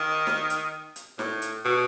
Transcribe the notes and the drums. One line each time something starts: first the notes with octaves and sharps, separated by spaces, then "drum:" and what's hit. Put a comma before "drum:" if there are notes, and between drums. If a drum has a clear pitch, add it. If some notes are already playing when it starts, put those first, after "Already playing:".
Already playing: D#3
drum: snare
drum: hi-hat
drum: hi-hat
A2, drum: snare
drum: hi-hat
B2